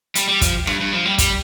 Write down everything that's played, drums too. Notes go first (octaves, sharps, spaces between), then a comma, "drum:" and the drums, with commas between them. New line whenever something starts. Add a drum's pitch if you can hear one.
G3, drum: hi-hat
G3
F3, drum: kick, hi-hat
G2, drum: rim click
G2
F3
G3
G3, drum: kick, hi-hat